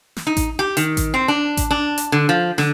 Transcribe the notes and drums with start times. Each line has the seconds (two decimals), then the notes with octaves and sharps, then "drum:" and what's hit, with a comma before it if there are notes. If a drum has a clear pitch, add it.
0.16 drum: snare
0.27 D#4
0.37 drum: kick A1, hi-hat
0.59 G4
0.77 D#3, drum: hi-hat
0.97 drum: kick A1, hi-hat
1.14 C4
1.28 D4
1.57 drum: kick A1, hi-hat
1.71 D4
1.98 drum: hi-hat
2.12 D3
2.29 F3
2.58 D3, drum: snare